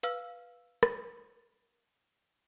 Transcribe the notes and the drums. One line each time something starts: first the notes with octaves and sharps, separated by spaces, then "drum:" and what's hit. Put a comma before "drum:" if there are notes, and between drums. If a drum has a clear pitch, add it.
B4 F5 E6 F6, drum: hi-hat
drum: rim click